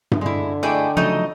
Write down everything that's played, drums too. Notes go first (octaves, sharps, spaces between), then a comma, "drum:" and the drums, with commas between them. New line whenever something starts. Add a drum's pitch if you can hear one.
drum: tom G2
D3 G#3 E4
A3 E4 G#4 D5 D#5 G5
C#3 F3 F#3 A3 D#4 D#5